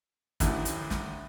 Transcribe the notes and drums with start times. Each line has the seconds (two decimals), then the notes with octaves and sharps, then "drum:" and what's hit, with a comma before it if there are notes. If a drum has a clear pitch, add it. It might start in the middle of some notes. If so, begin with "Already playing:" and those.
0.40 A1 D2 A2 D3 D#3, drum: kick, hi-hat
0.65 drum: hi-hat
0.90 drum: snare